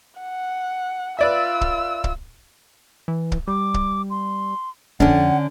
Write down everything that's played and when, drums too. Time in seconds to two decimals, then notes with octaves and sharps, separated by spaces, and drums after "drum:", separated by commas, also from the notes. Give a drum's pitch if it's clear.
0.20 F#5
1.19 F4 B4 D5 E5 E6
1.61 drum: kick
2.04 drum: kick
3.08 E3
3.32 drum: kick
3.47 G3 D6
3.74 drum: kick
4.10 C6
5.00 F2 D3 C#4 D4 F#5, drum: kick